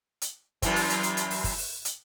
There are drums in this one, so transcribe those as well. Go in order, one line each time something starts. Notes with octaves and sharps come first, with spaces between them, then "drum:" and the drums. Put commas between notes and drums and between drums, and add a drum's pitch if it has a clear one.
drum: hi-hat
F#2 E3 C4, drum: kick F#1, hi-hat
drum: open hi-hat
drum: hi-hat
drum: hi-hat
drum: hi-hat
drum: open hi-hat
drum: kick F#1, open hi-hat
drum: open hi-hat
drum: hi-hat